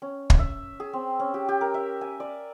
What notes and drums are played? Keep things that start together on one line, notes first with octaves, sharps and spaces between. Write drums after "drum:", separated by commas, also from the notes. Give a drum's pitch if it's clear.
C#4
drum: kick
E5
G#4
C4
C#4
G4
G4
A#4
E5
G#5
D5